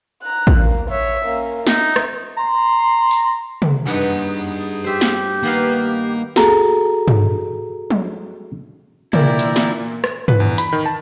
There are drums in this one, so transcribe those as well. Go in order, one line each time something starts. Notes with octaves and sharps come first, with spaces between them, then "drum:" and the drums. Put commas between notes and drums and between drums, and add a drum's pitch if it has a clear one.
A#5 F#6
drum: kick
A#3
C#5 E5
A#3 C#4
D#4 E5, drum: snare
drum: rim click
A#5 C6
drum: open hi-hat
drum: tom
G2 B3 D#4 G#4 F#5
G4 C5 E5
drum: snare
D#3 A#3 B3 F5
F#4 G#4 A4 A#5, drum: snare
drum: tom
drum: tom
A#2 D3 E3 A#3 E4 D5 G5 A#5, drum: tom
drum: hi-hat
drum: snare
drum: rim click
B4, drum: tom
E2
B5, drum: hi-hat
D#3
A5